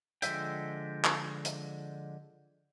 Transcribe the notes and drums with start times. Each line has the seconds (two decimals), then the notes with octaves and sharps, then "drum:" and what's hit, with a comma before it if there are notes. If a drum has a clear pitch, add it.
0.22 D3 F3 G#3 E5 G5, drum: hi-hat
1.04 drum: clap
1.45 drum: hi-hat